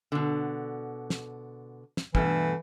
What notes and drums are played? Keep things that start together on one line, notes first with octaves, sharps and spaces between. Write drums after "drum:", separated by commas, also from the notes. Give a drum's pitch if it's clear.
B2 D3
drum: snare
drum: snare
G2 B2 E3 A3, drum: kick